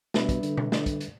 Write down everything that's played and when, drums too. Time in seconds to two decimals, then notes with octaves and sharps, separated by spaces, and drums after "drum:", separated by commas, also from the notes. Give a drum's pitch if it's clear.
0.14 B2 G3 D4 B4 E5, drum: snare
0.29 drum: kick, hi-hat
0.43 D3, drum: hi-hat
0.57 drum: tom B2
0.72 D3, drum: snare
0.86 drum: kick, hi-hat
1.01 drum: hi-hat